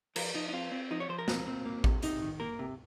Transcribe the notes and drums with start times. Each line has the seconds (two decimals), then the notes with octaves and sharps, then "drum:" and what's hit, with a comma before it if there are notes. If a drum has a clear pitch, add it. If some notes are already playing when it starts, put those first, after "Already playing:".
0.16 F3 A#4, drum: cymbal
0.34 F3 D#4
0.49 D#4
0.53 C4 F4
0.72 C4
0.90 F3 D#4
1.00 C#5
1.09 F3 C5
1.19 A#4
1.28 C4, drum: snare
1.47 C4
1.65 A#3
1.84 C3, drum: kick A1
2.02 C3 D#4, drum: hi-hat
2.22 D#3
2.40 A#3 A#4
2.59 C3